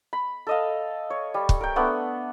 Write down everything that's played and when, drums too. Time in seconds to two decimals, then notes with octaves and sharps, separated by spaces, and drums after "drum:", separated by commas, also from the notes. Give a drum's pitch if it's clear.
0.13 B5
0.47 A4 D#5 F5
1.10 C#5
1.34 G3
1.49 drum: kick
1.61 A#4 G5
1.76 A3 B3 D4 F#5